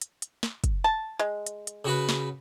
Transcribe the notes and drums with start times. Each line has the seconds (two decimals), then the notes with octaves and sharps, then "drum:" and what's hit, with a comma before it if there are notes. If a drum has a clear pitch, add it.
0.01 drum: hi-hat
0.22 drum: hi-hat
0.43 drum: snare
0.64 drum: kick, hi-hat
0.84 A5
1.19 G#3
1.47 drum: hi-hat
1.67 drum: hi-hat
1.85 C#3 F#4 B4
2.09 drum: snare